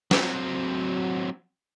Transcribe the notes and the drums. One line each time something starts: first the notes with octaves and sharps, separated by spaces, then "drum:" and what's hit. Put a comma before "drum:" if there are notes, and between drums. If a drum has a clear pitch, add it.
F#3 C4, drum: snare